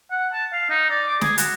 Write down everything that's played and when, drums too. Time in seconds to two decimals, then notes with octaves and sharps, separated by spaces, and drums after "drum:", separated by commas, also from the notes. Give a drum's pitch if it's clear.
0.11 F#5
0.33 A5
0.53 F5
0.70 D#4
0.90 D5
1.08 D6
1.21 G#4, drum: snare
1.38 F#4, drum: hi-hat